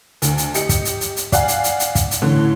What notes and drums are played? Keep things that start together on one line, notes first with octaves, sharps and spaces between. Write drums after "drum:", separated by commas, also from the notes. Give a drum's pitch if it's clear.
D2, drum: hi-hat
drum: hi-hat
G4 D#5 C#7, drum: hi-hat
drum: kick, hi-hat
drum: hi-hat
drum: hi-hat
drum: hi-hat
D5 F5 F#5 G#5, drum: kick, hi-hat
drum: hi-hat
drum: hi-hat
drum: hi-hat
drum: kick, hi-hat
drum: hi-hat
A2 D3 E3 C#4